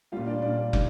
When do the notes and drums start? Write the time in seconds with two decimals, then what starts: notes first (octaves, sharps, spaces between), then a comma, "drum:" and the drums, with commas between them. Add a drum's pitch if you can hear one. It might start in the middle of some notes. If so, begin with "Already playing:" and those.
0.12 A#2 G3 F4 F5
0.27 D4 D5
0.42 A#2 G3 D4 D5
0.73 D#3 G3, drum: kick